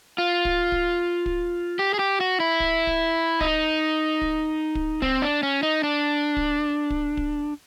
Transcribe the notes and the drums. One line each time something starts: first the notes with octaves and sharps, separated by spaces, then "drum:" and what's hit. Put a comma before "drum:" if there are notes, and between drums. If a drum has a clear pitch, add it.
F4
drum: kick
drum: kick
drum: kick
G4
G#4
G4
F#4
E4
drum: kick
drum: kick
D#4, drum: kick
drum: kick
drum: kick
C4, drum: kick
D4
C#4
D#4
D4
drum: kick
drum: kick
drum: kick